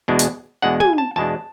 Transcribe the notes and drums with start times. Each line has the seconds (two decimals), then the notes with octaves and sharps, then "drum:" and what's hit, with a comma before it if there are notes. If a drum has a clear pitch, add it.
0.08 E2 B2 G#3 D4
0.19 drum: hi-hat
0.62 E2 B2 G#3 D4 F#5
0.80 G#5, drum: tom
0.98 A5
1.16 E2 B2 G#3 D4 A5